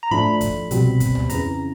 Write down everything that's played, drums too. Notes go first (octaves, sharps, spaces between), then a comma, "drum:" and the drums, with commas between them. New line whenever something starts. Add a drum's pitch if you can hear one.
A#5
A2 F3 A3 D4 B5
drum: kick, hi-hat
C2 B2 G3 C4, drum: hi-hat
drum: kick, hi-hat
drum: tom C2
F2 C#3 E3 A#5, drum: hi-hat